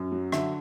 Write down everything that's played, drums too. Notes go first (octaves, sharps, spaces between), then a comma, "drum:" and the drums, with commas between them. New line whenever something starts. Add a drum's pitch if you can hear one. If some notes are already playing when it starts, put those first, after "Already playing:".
Already playing: F#2
F#3
D3 E5, drum: rim click